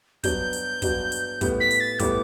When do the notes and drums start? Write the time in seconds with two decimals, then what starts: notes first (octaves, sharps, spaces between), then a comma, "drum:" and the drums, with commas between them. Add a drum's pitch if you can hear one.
0.24 G2 F#3 B3 D4 F#4 G6, drum: kick, hi-hat
0.53 drum: hi-hat
0.82 G2 F#3 B3 D4 F#4, drum: kick, hi-hat
1.12 drum: hi-hat
1.41 A2 G3 B3, drum: kick, hi-hat
1.60 B6
1.71 drum: hi-hat
1.80 A6
1.99 A2 G3 B3 D6, drum: kick, hi-hat